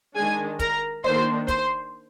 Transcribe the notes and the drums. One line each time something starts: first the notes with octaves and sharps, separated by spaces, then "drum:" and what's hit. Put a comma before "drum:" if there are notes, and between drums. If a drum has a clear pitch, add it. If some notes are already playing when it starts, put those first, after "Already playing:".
D#3 G#3 D4 G#4 G#5
A#4 A#5, drum: kick, hi-hat
D#3 A#3 D4 C5 C6, drum: tom
C5 C6, drum: kick, hi-hat